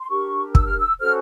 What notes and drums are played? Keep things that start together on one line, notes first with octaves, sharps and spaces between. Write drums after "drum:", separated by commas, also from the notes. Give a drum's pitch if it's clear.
C6
D4 G4 A#4 C#6
E6, drum: kick
F6
E6
C#4 F#4 A4 C5 F6